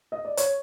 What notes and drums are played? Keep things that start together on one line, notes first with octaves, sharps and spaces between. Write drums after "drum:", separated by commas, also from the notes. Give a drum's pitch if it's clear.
D#5
D5
C#5, drum: hi-hat